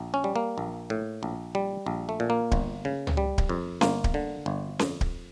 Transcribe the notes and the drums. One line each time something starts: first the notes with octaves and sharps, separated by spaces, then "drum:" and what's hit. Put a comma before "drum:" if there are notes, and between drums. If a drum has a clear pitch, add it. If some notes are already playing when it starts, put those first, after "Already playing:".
Already playing: A#1
C#4
G3
A#3
A#1
A2
A#1
G3
A#1
A3
A#2
A#3
G1, drum: kick D1
C#3
drum: tom
G3
drum: kick D1
F2
G1 A#3, drum: snare C#4
drum: kick D1
D3
G1
F2, drum: snare C#4
drum: kick D1